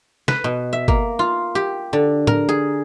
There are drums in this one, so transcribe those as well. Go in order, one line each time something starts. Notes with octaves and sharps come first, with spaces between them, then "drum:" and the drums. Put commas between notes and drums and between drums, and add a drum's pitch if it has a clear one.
B4, drum: snare
B2
E5
A#3, drum: kick G1
F4
G4
D3
A#4, drum: tom A2
G#4